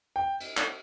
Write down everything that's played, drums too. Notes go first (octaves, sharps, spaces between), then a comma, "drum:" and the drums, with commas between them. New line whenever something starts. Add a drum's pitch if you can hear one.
G5
drum: cymbal
drum: clap